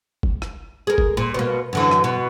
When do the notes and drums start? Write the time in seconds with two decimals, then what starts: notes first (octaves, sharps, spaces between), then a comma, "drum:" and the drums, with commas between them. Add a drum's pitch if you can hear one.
0.23 drum: kick
0.42 drum: rim click
0.87 G#4 A#4
0.98 drum: kick
1.17 A#2
1.34 B2 A#3
1.73 F#2 D3 E3
1.91 drum: rim click
2.04 B2